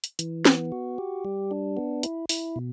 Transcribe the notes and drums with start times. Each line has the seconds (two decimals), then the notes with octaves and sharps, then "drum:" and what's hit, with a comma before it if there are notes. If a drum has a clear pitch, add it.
0.04 drum: hi-hat
0.19 E3, drum: hi-hat
0.45 B3, drum: snare
0.72 F#4
0.98 G4
1.25 G3
1.51 D4
1.77 B3
2.03 E4, drum: hi-hat
2.29 E4, drum: open hi-hat
2.56 B2